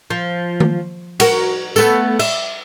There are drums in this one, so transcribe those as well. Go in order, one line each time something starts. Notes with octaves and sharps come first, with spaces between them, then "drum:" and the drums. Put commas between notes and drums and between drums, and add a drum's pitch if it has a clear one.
F3
drum: tom D#3
F#4 A#4, drum: cymbal
A3 B3 A4, drum: tambourine
E5, drum: cymbal